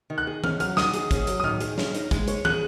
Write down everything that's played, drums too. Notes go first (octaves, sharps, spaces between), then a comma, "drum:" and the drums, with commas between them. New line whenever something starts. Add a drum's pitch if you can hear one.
D#3
F#6
G#4
C#4 F6, drum: tom D#3
F#3 F6, drum: hi-hat
D#3 D#6, drum: snare
G#4, drum: hi-hat
C#4, drum: kick, hi-hat
F#3, drum: hi-hat
D#6
D#3 F6, drum: tom A2
G#4, drum: hi-hat
C#4, drum: snare
D#4, drum: hi-hat
G#3, drum: kick, hi-hat
C#5, drum: hi-hat
G#4 F#6, drum: tom